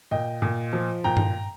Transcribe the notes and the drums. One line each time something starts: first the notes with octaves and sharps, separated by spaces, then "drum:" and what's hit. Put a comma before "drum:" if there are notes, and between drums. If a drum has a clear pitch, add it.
A#2 D#5 G5
A#2
F3
A#2 G5 A#5
drum: tom G2